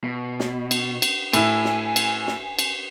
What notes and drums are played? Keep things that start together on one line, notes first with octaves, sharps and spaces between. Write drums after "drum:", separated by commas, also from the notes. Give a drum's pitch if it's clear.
B2
drum: snare
drum: cymbal
drum: cymbal
A2 E4 G#5, drum: cymbal
drum: snare
drum: cymbal
drum: snare
drum: cymbal